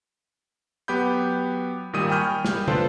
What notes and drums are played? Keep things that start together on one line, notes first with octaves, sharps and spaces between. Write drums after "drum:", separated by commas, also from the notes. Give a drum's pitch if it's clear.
F#3 B3 G4 F#5 B5 G6
G#1 A#2 D#3 G3 D#6 D#7
G5 G#5 B5 C#6 F6 G6
G3, drum: snare
D4 F4 A4 B4 C5 D5, drum: tom